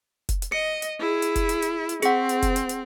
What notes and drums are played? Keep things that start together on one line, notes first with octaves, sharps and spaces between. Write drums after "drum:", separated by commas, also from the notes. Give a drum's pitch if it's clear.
drum: kick F1, hi-hat
drum: hi-hat
D#5 C#7
drum: hi-hat
E4 G#4
drum: hi-hat
drum: kick F1, hi-hat
drum: hi-hat
drum: hi-hat
drum: hi-hat
C4 G#4 F#5, drum: hi-hat
drum: hi-hat
drum: kick F1, hi-hat
drum: hi-hat
drum: hi-hat